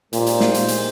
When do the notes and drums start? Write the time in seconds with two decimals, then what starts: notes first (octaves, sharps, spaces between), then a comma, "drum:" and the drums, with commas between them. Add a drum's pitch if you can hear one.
0.13 A#2 G#3 C4 D#4 G4 C5, drum: hi-hat
0.26 drum: hi-hat
0.40 drum: snare
0.54 drum: hi-hat
0.68 drum: hi-hat